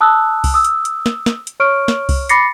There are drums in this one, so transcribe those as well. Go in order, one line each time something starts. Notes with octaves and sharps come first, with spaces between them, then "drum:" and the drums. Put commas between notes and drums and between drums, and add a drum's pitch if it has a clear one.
A5 D#6 E6 F#6
drum: kick C2, open hi-hat
D#6 E6
drum: hi-hat
drum: hi-hat
drum: snare
drum: snare
drum: hi-hat
C#5 C#6 F6 D7
drum: snare
drum: kick C2, open hi-hat
B5 D6 A6 A#6 C7 C#7, drum: hi-hat